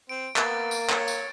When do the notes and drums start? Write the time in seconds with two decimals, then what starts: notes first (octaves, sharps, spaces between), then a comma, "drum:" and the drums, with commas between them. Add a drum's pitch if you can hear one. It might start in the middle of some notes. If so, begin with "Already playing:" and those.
0.09 C4 D7
0.36 A#3 B3 A6, drum: clap
0.71 drum: tambourine
0.89 C#5, drum: clap
1.08 drum: tambourine